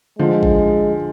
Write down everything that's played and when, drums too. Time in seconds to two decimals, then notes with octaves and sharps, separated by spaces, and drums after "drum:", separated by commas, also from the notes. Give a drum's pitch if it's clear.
0.19 D3 F3 G#3
0.43 drum: kick A1